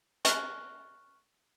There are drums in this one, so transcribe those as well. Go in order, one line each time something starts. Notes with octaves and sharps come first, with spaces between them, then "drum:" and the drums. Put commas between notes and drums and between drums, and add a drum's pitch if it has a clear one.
C#6 F6 F#6, drum: hi-hat